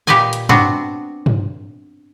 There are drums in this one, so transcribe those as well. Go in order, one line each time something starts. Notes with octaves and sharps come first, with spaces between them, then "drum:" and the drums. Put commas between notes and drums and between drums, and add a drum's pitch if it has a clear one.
A#2 G4 B4 D5 D#5 G#5
drum: hi-hat
B3 C4 D4 F#4, drum: tom
drum: tom